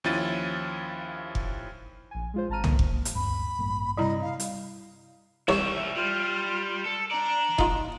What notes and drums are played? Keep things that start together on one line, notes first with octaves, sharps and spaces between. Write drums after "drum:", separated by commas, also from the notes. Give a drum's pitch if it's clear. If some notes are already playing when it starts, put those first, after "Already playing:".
D#2 F3 C#4 E4 A6 D#7
drum: kick F1
A#1 G#5
G#3 F4 C5
G#1 A5 A#5 F6 D#7
D3 A#3, drum: tom C2
drum: kick F1
drum: hi-hat
D2 G2 B5
A1 G2 A#3
G2 C3 G3 E4 D#5 A#5
F5
drum: hi-hat
C2 G3 C#5 E5, drum: rim click
G3 F4
A4
D4 D5 A#5
D#4 F4, drum: kick F1